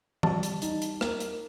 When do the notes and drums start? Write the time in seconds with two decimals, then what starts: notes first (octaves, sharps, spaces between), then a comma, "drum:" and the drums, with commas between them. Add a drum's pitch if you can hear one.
0.23 G3 A5, drum: tom E3
0.43 drum: hi-hat
0.62 D#4, drum: hi-hat
0.82 drum: hi-hat
1.01 A#3, drum: rim click
1.20 drum: hi-hat